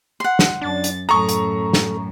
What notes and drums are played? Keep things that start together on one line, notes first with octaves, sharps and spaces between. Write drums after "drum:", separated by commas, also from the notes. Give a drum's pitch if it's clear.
F#5 C6
drum: snare
F#2 D4 A6
drum: hi-hat
F#2 A2 A4 A#5 C#6 D#6
drum: hi-hat
drum: snare